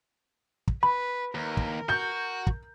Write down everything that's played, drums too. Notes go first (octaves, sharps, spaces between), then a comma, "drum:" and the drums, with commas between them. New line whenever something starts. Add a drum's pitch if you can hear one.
drum: kick
B4 B5
D#2 A#4
drum: kick
F#4 G6
drum: kick